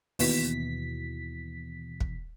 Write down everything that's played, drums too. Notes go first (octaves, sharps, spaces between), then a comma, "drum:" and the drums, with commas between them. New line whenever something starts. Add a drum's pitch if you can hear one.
D#2 B2 E3 B6, drum: open hi-hat
drum: kick